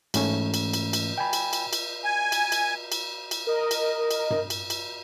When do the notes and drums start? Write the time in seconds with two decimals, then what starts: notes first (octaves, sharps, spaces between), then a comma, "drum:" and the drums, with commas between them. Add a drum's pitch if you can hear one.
0.14 G#2 E3 A3 C#4, drum: cymbal
0.54 drum: cymbal
0.73 drum: cymbal
0.93 drum: cymbal
1.18 G5 G#5 B5
1.33 drum: cymbal
1.53 drum: cymbal
1.73 drum: cymbal
2.04 G#5
2.32 drum: cymbal
2.52 drum: cymbal
2.92 drum: cymbal
3.31 drum: cymbal
3.47 A#4 D#5
3.71 drum: cymbal
4.11 drum: cymbal
4.30 drum: tom G2
4.50 drum: cymbal
4.70 drum: cymbal